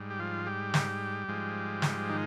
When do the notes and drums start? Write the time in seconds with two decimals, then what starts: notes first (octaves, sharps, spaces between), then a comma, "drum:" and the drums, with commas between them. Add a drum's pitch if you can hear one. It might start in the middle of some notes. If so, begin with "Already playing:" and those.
Already playing: G#2 G3
0.11 G4
0.19 F3 F4
0.46 G3 G4
0.74 drum: snare
1.28 G#2 F3 G#3
1.82 drum: snare
2.10 D#3 D#4